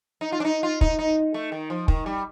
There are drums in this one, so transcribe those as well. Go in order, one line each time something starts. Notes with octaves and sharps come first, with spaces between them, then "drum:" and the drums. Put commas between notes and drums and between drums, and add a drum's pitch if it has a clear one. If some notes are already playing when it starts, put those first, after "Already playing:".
D#4
F4
D4
D#4
F4
D#4, drum: kick
D#4
A3
D#3
F3
D#3, drum: kick
G3